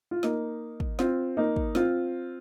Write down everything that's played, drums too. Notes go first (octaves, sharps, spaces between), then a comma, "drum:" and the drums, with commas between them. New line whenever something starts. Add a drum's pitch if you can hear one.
F4
A#3 D#4, drum: snare
drum: kick
C4 F4, drum: snare
A#3 D#4
drum: kick
C4 F4, drum: snare